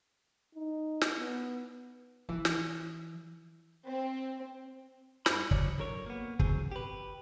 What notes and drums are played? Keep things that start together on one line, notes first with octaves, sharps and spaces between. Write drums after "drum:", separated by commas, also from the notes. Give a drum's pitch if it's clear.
D#4
drum: snare
B3
E3
drum: snare
C4
G2 C5 B5, drum: snare
F#3 G3 C#5 D5, drum: kick
D3 F#3 A#4 C#5
A#3 B3
E2 F#3 C4 G#4, drum: kick
G4 B4